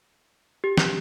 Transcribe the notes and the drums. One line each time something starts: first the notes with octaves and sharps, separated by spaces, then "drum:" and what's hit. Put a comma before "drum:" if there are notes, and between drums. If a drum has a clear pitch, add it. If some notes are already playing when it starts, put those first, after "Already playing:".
G4
drum: snare